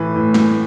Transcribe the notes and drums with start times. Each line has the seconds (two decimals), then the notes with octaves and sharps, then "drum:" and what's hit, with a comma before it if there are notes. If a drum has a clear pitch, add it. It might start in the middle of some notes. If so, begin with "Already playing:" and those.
Already playing: A2 E3 B4
0.16 A2
0.34 drum: snare